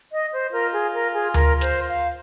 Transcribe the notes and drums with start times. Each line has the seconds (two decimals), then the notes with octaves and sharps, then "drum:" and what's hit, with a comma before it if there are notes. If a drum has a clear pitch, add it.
0.12 D#5
0.33 C5
0.53 F4 A#4
0.73 G#4
0.94 A#4
1.14 G#4
1.34 A#4, drum: tom D2
1.61 C5, drum: snare
1.88 F5